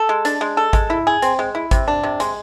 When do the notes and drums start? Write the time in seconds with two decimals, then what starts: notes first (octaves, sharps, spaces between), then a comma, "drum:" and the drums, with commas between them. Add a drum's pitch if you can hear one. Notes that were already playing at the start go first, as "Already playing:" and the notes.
Already playing: A4
0.09 G#3
0.25 D4, drum: hi-hat
0.41 G#3
0.57 A4
0.73 G#3, drum: kick G#1, hi-hat
0.90 E4
1.07 G#4
1.22 C4, drum: hi-hat
1.39 G#3
1.55 E4
1.71 C3, drum: kick G#1, hi-hat
1.88 D4
2.03 C3
2.20 G#3, drum: hi-hat